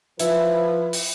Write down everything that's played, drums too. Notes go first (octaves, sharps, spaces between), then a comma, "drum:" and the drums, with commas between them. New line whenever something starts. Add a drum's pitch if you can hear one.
F3 E4 B4, drum: hi-hat
drum: open hi-hat